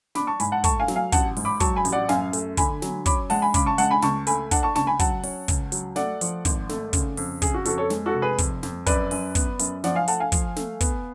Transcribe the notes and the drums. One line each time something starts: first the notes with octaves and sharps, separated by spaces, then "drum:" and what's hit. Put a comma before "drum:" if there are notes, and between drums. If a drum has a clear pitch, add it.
D4 B5 D6, drum: snare
A5 C#6
G#2 G#5 B5, drum: hi-hat
F#5 A5
A3 A5 C#6, drum: kick, hi-hat
F5 G#5
F#3, drum: snare
F5 G#5
A1 F#5 A5, drum: kick, hi-hat
G#2, drum: open hi-hat
B5 D6
F#3 A5 C#6, drum: kick, hi-hat
G#5 B5
A1, drum: hi-hat
D5 F#5
F#2 F5 G#5, drum: snare
A3, drum: hi-hat
D3 G#5 B5, drum: kick, hi-hat
F#3, drum: snare
C#4 B5 D6, drum: kick, hi-hat
G#3 F#5 A5, drum: open hi-hat
G#5 B5
C#3 B5 D6, drum: kick, hi-hat
A5 C#6
G#3 F#5 A5, drum: hi-hat
G#5 B5
C#2 A5 C#6, drum: snare
A3 G#5 B5, drum: hi-hat
D4 F#5 A5, drum: kick, hi-hat
A5 C#6
C#2 A5 C#6, drum: snare
G#5 B5
F#3 F#5 A5, drum: kick, hi-hat
C#4, drum: open hi-hat
C#2, drum: kick, hi-hat
F#3, drum: hi-hat
A3 D5 F#5, drum: snare
F3, drum: hi-hat
G#1, drum: kick, hi-hat
A3, drum: snare
C#3, drum: kick, hi-hat
F2, drum: open hi-hat
C#3 G#4, drum: kick, hi-hat
F#4
F2 F#4 A4, drum: hi-hat
A4 C#5
G#3, drum: snare
F#4 A4
F1
G#4 B4
F2, drum: kick, hi-hat
F2, drum: snare
F#2 B4 D5, drum: kick, hi-hat
F#2, drum: open hi-hat
B3, drum: kick, hi-hat
F#2, drum: hi-hat
F3 D5 F#5, drum: snare
F5 G#5
A3 F#5 A5, drum: hi-hat
F5 G#5
F3, drum: kick, hi-hat
A3, drum: snare
B3, drum: kick, hi-hat